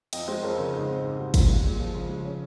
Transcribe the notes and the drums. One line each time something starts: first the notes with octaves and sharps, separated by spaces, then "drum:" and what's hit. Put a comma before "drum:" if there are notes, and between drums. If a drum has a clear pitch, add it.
F2 D#5 G5, drum: cymbal
G#3 C5 D#5
F2 A#4 C#5
C#3 C5
G#2 C5 D#5
C4
G#2
G3
A#2, drum: kick, cymbal
G#3
A#2
F3
C#3
G#3
C#4